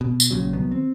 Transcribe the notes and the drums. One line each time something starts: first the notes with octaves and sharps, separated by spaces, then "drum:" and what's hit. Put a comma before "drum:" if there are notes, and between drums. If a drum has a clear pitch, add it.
B2
drum: tambourine
A#1 A#2 C#3 F#3
C2 D#3 F#3 B3
C4